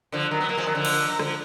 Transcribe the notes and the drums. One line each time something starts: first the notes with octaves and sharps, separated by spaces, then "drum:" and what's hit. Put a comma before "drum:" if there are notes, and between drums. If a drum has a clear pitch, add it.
D3 F3
D#3 F#3
B3
F#3 A#3
F3 G#3
D#3 F#3
D3 F3
drum: cymbal
F#3
D3 F3, drum: rim click